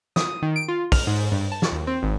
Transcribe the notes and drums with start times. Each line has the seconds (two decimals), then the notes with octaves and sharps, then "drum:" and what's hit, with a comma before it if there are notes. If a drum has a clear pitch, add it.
0.16 D#6, drum: snare
0.42 D#3
0.56 D7
0.68 F4
0.92 F6, drum: kick, open hi-hat
1.07 G#2
1.32 G2
1.52 A5
1.62 drum: snare
1.72 D#2
1.87 C4
2.03 G#1